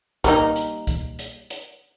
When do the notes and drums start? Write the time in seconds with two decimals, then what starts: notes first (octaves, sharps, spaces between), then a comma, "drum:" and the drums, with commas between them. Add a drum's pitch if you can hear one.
0.24 G3 A#3 D#4, drum: kick C2, hi-hat
0.56 drum: hi-hat
0.87 drum: kick C2, hi-hat
1.19 drum: hi-hat
1.50 drum: hi-hat